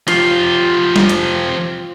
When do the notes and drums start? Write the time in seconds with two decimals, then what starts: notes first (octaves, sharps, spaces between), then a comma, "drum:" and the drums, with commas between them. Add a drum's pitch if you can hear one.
0.08 F3 F4 G4, drum: cymbal
0.96 drum: snare
1.09 drum: hi-hat